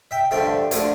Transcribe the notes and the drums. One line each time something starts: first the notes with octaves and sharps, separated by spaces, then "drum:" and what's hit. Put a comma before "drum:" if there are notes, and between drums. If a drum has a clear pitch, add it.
E5 G5
G2 D3 F3 A3 E5 G5
D3 F3 A3, drum: hi-hat